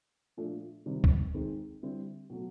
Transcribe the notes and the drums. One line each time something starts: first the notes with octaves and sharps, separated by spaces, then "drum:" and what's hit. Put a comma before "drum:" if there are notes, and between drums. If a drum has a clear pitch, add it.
A#2 F3 A3 D4
C3 D#3 G3
drum: kick
D#3 G#3 C4 D#4
D3 G3 C4 E4
B2 F#3 A3